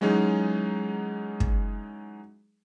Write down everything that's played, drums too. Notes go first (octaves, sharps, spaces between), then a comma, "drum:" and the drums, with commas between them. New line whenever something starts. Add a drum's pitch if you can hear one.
E3 F#3 G#3 C#4 D#4 G#4
drum: kick